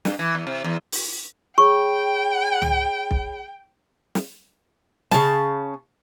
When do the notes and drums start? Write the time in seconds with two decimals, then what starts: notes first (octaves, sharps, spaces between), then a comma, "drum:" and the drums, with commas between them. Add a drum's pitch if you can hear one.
0.05 G2, drum: snare
0.19 E3
0.35 E2
0.47 C3
0.64 E2
0.92 drum: open hi-hat
1.58 G#4 C#5 G5 B5 C#6
2.62 drum: tom
3.11 drum: kick B1
4.15 drum: snare
5.11 C#3 A5, drum: snare